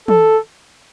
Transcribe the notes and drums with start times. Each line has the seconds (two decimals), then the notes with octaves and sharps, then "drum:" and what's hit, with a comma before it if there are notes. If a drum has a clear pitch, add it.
0.08 A4, drum: tom